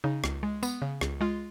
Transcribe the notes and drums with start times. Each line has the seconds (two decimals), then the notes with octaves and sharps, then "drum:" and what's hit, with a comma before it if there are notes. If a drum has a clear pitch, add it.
0.04 C#3 D#4
0.24 C#2, drum: rim click
0.43 G#3
0.63 B3, drum: tambourine
0.82 C#3
1.01 C#2, drum: rim click
1.21 G#3 F4